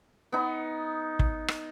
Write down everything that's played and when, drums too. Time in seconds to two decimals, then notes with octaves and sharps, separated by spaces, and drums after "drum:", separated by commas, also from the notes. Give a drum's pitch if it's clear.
0.32 B3 D#4
1.19 drum: kick
1.48 drum: rim click